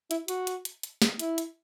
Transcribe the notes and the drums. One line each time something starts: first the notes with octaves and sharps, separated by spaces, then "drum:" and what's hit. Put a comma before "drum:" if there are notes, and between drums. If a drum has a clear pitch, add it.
E4, drum: hi-hat
F#4, drum: hi-hat
drum: hi-hat
drum: hi-hat
drum: hi-hat
drum: snare
E4, drum: hi-hat
drum: hi-hat